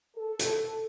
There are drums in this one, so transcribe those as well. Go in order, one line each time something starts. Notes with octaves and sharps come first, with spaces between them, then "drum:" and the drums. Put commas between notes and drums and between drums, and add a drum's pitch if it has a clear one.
A4
drum: hi-hat